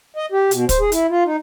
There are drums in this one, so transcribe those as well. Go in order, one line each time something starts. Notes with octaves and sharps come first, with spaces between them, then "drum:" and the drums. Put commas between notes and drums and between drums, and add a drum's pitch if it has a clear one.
D#5
G4
B2, drum: hi-hat
C5, drum: kick, hi-hat
G#4
E4, drum: hi-hat
F4
D#4